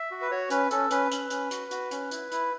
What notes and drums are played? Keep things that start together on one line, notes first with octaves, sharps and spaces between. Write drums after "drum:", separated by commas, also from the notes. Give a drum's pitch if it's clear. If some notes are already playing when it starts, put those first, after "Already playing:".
Already playing: E5
F#4
B4
F#4 C#5
C#4 B4, drum: hi-hat
C#4 A4, drum: hi-hat
C#4 B4, drum: hi-hat
C#4, drum: hi-hat
C#4, drum: hi-hat
F#4, drum: hi-hat
F#4, drum: hi-hat
C#4, drum: hi-hat
E4, drum: hi-hat
E4, drum: hi-hat